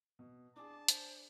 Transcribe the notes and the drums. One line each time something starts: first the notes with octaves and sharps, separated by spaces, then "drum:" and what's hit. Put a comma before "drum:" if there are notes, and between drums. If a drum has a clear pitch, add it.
B2
D4 G#4 A5 D6
C5, drum: hi-hat